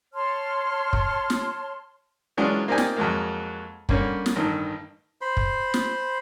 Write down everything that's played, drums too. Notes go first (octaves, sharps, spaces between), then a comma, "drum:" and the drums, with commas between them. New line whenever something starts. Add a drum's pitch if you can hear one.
C#5 A5 C6 F6
drum: kick
drum: snare
E3 F#3 G#3 C#4 D4 F4
A#3 C4 D#4 G4 D5 G#5
drum: snare
F2 F#3 G#3 A#3
D3 G3 A#3 C#4 C#5, drum: kick
drum: snare
A1 G2 D#3
C5 B5 C6
drum: kick
drum: snare